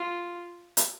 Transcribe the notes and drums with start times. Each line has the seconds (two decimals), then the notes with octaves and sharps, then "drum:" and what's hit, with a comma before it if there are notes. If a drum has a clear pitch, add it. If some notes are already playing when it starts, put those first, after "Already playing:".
Already playing: F4
0.77 drum: hi-hat